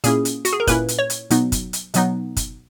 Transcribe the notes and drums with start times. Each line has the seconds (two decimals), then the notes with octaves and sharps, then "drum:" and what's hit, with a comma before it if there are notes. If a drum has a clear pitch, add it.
0.04 A#2 A#3 C#4 E4 G#4, drum: hi-hat
0.25 drum: hi-hat
0.45 F#4, drum: hi-hat
0.53 G#4
0.60 A#4
0.67 A#2 A#3 C#4 E4 B4, drum: kick F#1, hi-hat
0.88 drum: hi-hat
0.99 C#5
1.10 drum: hi-hat
1.30 B2 F#3 B3 D#4, drum: hi-hat
1.52 drum: kick F#1, hi-hat
1.73 drum: hi-hat
1.94 B2 F#3 B3 D#4, drum: hi-hat
2.37 drum: kick F#1, hi-hat